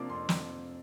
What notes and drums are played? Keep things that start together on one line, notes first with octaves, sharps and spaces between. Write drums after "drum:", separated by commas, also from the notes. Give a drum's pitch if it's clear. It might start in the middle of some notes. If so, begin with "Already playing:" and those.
Already playing: C3 F3 A#3 D4 D6
F2 C6
drum: snare